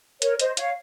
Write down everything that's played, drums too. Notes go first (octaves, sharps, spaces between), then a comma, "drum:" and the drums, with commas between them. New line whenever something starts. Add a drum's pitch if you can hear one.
A#4 C#5, drum: hi-hat
C5 D#5, drum: hi-hat
C#5 F5, drum: hi-hat